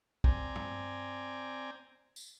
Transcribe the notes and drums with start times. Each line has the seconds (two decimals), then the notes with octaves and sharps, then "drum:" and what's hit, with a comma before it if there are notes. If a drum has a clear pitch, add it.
0.24 C4 D5 G5 G#5 A#5, drum: kick
0.55 drum: tom
2.16 drum: tambourine